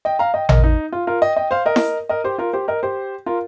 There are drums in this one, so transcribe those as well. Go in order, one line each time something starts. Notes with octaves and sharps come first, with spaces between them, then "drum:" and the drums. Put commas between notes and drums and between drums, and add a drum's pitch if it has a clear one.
D#5 G5
F5 A#5
D#5 G5
A#4 D#5, drum: tom A1
D#4
F4
F4 A#4
D#5 G5
D#5 G5
C5 F5
A#4 D#5
drum: snare E4
A#4 D#5
G4 C5
F4 A#4
G4 C5
A#4 D#5
G4 C5
F4 A#4